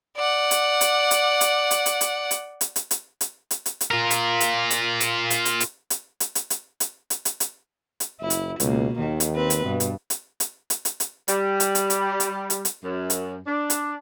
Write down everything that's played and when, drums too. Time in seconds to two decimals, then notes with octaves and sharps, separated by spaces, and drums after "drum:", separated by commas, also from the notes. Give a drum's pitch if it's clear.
0.17 D5 F#5
0.51 drum: hi-hat
0.81 drum: hi-hat
1.11 drum: hi-hat
1.41 drum: hi-hat
1.71 drum: hi-hat
1.86 drum: hi-hat
2.01 drum: hi-hat
2.31 drum: hi-hat
2.61 drum: hi-hat
2.76 drum: hi-hat
2.91 drum: hi-hat
3.21 drum: hi-hat
3.51 drum: hi-hat
3.66 drum: hi-hat
3.81 drum: hi-hat
3.91 F4 A#4
4.10 drum: hi-hat
4.40 drum: hi-hat
4.70 drum: hi-hat
5.00 drum: hi-hat
5.30 drum: hi-hat
5.45 drum: hi-hat
5.60 drum: hi-hat
5.90 drum: hi-hat
6.20 drum: hi-hat
6.35 drum: hi-hat
6.50 drum: hi-hat
6.80 drum: hi-hat
7.10 drum: hi-hat
7.25 drum: hi-hat
7.40 drum: hi-hat
8.00 drum: hi-hat
8.21 F#1 E4
8.30 drum: hi-hat
8.60 C#2 B2 A#3, drum: hi-hat
8.99 D#2 D#3
9.20 drum: hi-hat
9.35 C4 B4
9.50 drum: hi-hat
9.65 G2 B2
9.80 drum: hi-hat
10.10 drum: hi-hat
10.40 drum: hi-hat
10.70 drum: hi-hat
10.85 drum: hi-hat
11.00 drum: hi-hat
11.28 G3, drum: hi-hat
11.60 drum: hi-hat
11.75 drum: hi-hat
11.90 drum: hi-hat
12.20 drum: hi-hat
12.50 drum: hi-hat
12.65 drum: hi-hat
12.84 F#2
13.10 drum: hi-hat
13.47 D4
13.70 drum: hi-hat